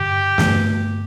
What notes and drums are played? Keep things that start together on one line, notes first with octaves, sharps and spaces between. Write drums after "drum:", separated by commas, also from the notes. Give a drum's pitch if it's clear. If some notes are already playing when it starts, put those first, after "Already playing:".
Already playing: G2 D3 G4
G2 D3 A3, drum: snare